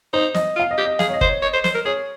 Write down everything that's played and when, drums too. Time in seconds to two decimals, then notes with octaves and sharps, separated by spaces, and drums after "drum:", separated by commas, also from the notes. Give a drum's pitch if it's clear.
0.13 D#4 C5
0.34 D#5, drum: snare
0.56 F4
0.59 F5
0.71 D#5
0.78 G4
0.85 D#5
0.99 G#4 F5, drum: snare
1.08 C#5
1.14 D#5
1.21 C5, drum: kick
1.28 C#5
1.42 C#5 D#5
1.53 C5
1.64 C5, drum: snare
1.75 A#4
1.85 G#4 C#5